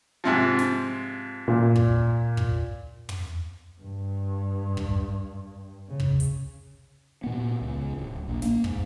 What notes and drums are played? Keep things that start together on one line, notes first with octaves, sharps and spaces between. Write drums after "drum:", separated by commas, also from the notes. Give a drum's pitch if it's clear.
G#2 C3 F3
drum: snare
A#2
drum: kick
drum: kick
drum: tom
G2
drum: kick
C#3
drum: kick
drum: hi-hat
A#2 B3
C#2
D1
A#1
A#3, drum: snare
G#2, drum: kick